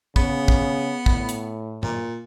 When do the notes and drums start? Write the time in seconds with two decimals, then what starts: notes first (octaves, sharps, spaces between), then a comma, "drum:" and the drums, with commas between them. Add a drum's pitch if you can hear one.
0.16 C#3 B3, drum: kick
0.48 drum: kick
1.06 A2, drum: kick
1.29 drum: hi-hat
1.83 A#2, drum: tom G2